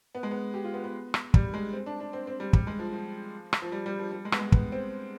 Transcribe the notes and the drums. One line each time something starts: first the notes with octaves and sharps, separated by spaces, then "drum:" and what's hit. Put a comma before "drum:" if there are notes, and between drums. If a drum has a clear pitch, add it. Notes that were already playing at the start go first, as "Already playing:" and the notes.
B3
G#3
B3
G4
F4
B3
B3
drum: rim click
G3, drum: kick
G#3
C4
D4
D4
C4
C4
G3
G3, drum: kick
G#3
F3
F3
drum: rim click
F3
G3
G3
F3
G3
G#3
B3, drum: rim click
G#3
B3, drum: kick
C4